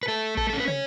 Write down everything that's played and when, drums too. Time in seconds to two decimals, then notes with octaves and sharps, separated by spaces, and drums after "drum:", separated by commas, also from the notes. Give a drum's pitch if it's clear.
0.03 B4
0.08 A3 A4
0.37 A4, drum: kick A1
0.50 C#4 A4
0.60 B4
0.68 C#5, drum: tom